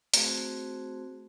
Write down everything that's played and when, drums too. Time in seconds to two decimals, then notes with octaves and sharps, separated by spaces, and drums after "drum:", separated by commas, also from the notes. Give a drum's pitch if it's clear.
0.14 A3 C4 F#4 G#4 C5, drum: hi-hat